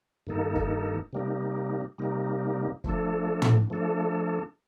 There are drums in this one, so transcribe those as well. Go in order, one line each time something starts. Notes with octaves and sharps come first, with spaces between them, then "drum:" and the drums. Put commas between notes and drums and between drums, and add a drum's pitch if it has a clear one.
G2 D#3 A#3 D#4 A4
drum: kick
C3 G3 A#3 D#4
C3 G3 A#3 D#4
F3 A3 D4 A4, drum: kick
drum: tom
F3 A3 D4 A4